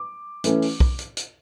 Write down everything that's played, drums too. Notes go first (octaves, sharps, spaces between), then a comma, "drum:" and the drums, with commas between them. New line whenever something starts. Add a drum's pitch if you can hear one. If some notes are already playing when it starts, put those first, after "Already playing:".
Already playing: D6
E3 A3 C#4, drum: hi-hat
drum: open hi-hat
drum: kick B1
drum: hi-hat
drum: hi-hat